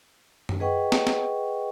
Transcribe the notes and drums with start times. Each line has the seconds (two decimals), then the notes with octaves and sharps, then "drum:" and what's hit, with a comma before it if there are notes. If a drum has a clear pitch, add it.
0.49 drum: tom F#2
0.60 G#4 B4 D#5 F#5 G5 C#6
0.92 drum: snare
1.07 drum: snare